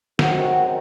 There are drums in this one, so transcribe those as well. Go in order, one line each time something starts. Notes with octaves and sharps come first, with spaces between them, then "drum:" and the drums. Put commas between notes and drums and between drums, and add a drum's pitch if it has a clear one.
F#2 D#3 G#3 C4 F#4, drum: snare